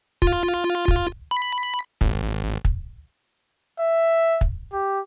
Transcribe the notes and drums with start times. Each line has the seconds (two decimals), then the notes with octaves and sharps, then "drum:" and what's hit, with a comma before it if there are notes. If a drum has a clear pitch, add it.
0.22 F4, drum: kick
0.88 drum: kick
1.31 B5
2.01 G#1, drum: kick
2.65 drum: kick
3.80 E5
4.41 drum: kick
4.73 G4